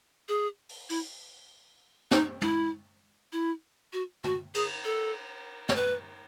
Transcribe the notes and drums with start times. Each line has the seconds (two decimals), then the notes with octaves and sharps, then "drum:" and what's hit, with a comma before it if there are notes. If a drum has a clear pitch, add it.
0.29 G#4
0.69 drum: open hi-hat
0.90 E4, drum: open hi-hat
2.11 D#4, drum: snare
2.42 E4, drum: tom
3.33 E4
3.93 F#4
4.24 F#4, drum: tom
4.55 G#4, drum: cymbal
4.85 A4
5.69 C#5, drum: snare
5.76 B4